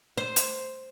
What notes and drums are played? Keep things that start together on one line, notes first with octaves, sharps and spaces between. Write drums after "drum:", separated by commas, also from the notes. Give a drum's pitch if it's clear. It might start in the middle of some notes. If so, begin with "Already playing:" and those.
C5
drum: hi-hat